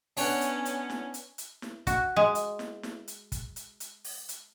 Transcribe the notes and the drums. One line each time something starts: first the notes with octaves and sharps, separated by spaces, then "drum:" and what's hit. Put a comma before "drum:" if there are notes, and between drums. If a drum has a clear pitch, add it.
B3 C#4 D4 C#5 F#5, drum: open hi-hat
drum: hi-hat
drum: hi-hat
drum: snare
drum: hi-hat
drum: hi-hat
drum: snare
F#4, drum: kick, hi-hat
G#3
drum: hi-hat
drum: snare
drum: snare
drum: hi-hat
drum: kick, hi-hat
drum: hi-hat
drum: hi-hat
drum: open hi-hat
drum: hi-hat